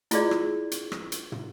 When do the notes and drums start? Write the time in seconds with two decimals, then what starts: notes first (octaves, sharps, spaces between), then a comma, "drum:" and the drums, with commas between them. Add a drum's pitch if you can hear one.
0.11 E4 F4 G#4 D5, drum: hi-hat
0.31 drum: rim click
0.71 drum: hi-hat
0.92 drum: rim click
1.12 drum: hi-hat
1.32 drum: tom